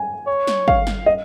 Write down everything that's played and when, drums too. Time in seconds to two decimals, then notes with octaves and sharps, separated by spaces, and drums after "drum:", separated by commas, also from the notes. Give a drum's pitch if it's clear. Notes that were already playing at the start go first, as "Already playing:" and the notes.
Already playing: G#5
0.27 C#5
0.47 drum: snare F#3
0.68 F5, drum: kick
0.87 drum: snare F#3
1.06 D#5